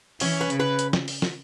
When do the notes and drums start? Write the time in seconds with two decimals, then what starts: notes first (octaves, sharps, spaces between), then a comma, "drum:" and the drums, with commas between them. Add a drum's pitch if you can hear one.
0.20 E3 C#4, drum: open hi-hat
0.41 B4
0.50 C#3, drum: hi-hat
0.60 B4
0.79 drum: hi-hat
0.93 drum: snare
1.08 drum: open hi-hat
1.22 drum: snare